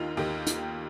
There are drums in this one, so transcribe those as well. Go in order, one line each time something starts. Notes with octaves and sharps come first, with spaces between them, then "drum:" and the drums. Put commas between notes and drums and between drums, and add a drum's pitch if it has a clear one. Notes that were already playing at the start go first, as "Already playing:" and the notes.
Already playing: D#2 D#3 D#4 F4
D#2 D#3 G4
drum: hi-hat